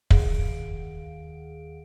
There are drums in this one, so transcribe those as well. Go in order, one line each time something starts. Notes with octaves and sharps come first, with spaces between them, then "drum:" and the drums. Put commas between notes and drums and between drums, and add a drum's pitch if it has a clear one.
D#2 D#3 G#4 F5 F#5 D7, drum: kick